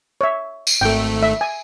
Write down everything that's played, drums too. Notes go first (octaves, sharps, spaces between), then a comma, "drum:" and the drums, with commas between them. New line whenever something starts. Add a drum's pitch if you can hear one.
C#5 E5
drum: tambourine
G#1 A3 G5
E5
G#5